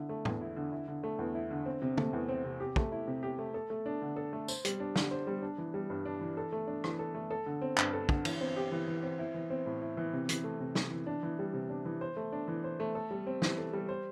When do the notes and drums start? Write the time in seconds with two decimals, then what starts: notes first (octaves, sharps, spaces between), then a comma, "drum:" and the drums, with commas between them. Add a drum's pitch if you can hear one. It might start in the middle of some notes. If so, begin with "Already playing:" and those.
Already playing: D3 E4
0.09 A3
0.25 E2, drum: tom
0.41 E4
0.56 D3
0.72 E4
0.88 D3
1.04 A3
1.19 E2
1.35 E4
1.51 D3
1.66 C4
1.82 C3
1.98 A3, drum: tom
2.13 E2
2.29 C4
2.45 C3
2.60 G4
2.76 A3, drum: kick
2.92 E4
3.07 C3
3.23 G4
3.39 A3
3.54 A4
3.70 A3
3.86 D4
4.02 D3
4.16 A4
4.33 A3
4.48 C5, drum: tambourine
4.65 G3, drum: hi-hat
4.80 D4
4.96 D3, drum: snare
5.11 C5
5.27 G3
5.42 D4
5.58 E3
5.74 G3
5.90 G2
6.05 D4
6.21 E3
6.37 A4
6.52 A3
6.67 D4
6.84 E3, drum: rim click
6.99 A4
7.15 A3
7.31 A4
7.46 D3
7.62 C4
7.77 G2, drum: clap
7.93 A4
8.09 D3, drum: kick
8.25 E3, drum: cymbal
8.41 C4
8.56 G4
8.72 E3
8.88 E3
9.03 C4
9.19 E4
9.34 E3
9.50 C4
9.66 A2
9.81 E4
9.97 E3
10.13 C3
10.29 E3, drum: hi-hat
10.44 A3
10.60 C3
10.75 C3, drum: snare
10.91 E3
11.06 D4
11.23 E3
11.39 G3
11.54 C3
11.69 D4
11.85 E3
12.01 C5
12.17 A3
12.32 D4
12.48 E3
12.64 C5
12.80 A3
12.95 A4
13.11 G3
13.27 C4
13.42 E3, drum: snare
13.58 A4
13.73 G3
13.89 C5